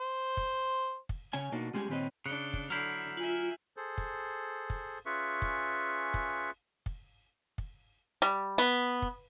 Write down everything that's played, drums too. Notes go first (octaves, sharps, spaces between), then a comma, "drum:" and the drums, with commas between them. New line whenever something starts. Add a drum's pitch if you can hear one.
C5
drum: kick
drum: kick
C#3 C#4 C#5 G#5
B2 A#3 D4 D#4 F#4
G3 G#3 C#4 G4 G#4 G#5
A#2 D#3 C4 B4 C#5 D#5
C#3 D4 F#6 G6 C#7
drum: kick
D3 F#3 E4 F6 G6 C7
F4 E5 G#5 F#7
G#4 A4 C5
drum: kick
drum: kick
C#4 F4 G#4 B4 E5 C#6
drum: kick
drum: kick
drum: kick
drum: kick
G3
B3
drum: kick